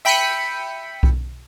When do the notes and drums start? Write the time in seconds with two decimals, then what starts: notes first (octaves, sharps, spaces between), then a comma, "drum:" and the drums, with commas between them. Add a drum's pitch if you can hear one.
0.05 E5 G5 B5 B6 C#7 D#7, drum: open hi-hat
1.03 drum: kick B1